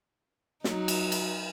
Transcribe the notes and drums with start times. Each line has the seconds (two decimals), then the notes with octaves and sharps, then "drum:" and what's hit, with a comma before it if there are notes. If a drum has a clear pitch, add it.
0.64 F#3 D#4, drum: snare
0.88 drum: cymbal
1.12 drum: cymbal